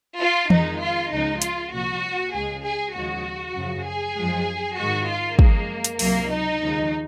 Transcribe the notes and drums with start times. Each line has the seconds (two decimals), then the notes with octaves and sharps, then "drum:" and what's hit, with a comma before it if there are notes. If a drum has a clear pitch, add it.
0.20 F4
0.50 F2 D#3 G#3 D#4, drum: tom E3
0.81 F4
1.12 C#2 C#3 F3 G#3 D#4
1.42 F4, drum: hi-hat
1.73 C2 A#2 F3 F#4
2.33 C#2 C#3 G#3 G#4
2.64 G#4
2.95 D#2 C#3 F3 G#3 F#4
3.56 F#2 C#3 F3
3.86 G#4
4.16 F#2 F3 G#3
4.77 G#2 D#3 G#3 F#4
5.08 F4
5.39 F#2 F3 G#3 A#3, drum: kick
5.84 drum: hi-hat
5.99 C#2 C3 F#3 A#3, drum: open hi-hat
6.30 D#4
6.60 D#2 C#3 F3 G#3